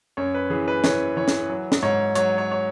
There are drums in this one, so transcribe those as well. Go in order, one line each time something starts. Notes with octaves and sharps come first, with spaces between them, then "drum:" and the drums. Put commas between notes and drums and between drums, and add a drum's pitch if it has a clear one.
F#2 C#5
B4
E3 G#4
B4
E3 C#5, drum: snare
E3 C#5
drum: snare
F#3
drum: snare
G#2 C#5
F#3 C#5, drum: hi-hat
C#5
C#5